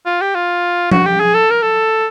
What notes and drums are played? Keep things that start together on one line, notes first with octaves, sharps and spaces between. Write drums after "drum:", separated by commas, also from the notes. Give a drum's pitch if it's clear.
F4
G4
F4
F#4, drum: tom F3
G4
G#4
A4
A#4
A4